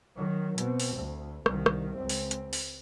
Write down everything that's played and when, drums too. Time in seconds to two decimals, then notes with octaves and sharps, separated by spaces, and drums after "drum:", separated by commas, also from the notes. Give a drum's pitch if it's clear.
0.16 D#3 F#3
0.58 B2 C4, drum: hi-hat
0.80 drum: open hi-hat
0.96 D2
1.46 C2 D#3, drum: rim click
1.66 drum: rim click
1.96 C#2 C4
2.09 drum: open hi-hat
2.31 drum: hi-hat
2.53 drum: open hi-hat